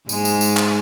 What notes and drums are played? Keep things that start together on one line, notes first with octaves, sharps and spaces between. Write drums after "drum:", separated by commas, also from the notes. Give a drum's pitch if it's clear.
G#2 G#3, drum: tambourine
drum: tambourine
drum: tambourine
drum: clap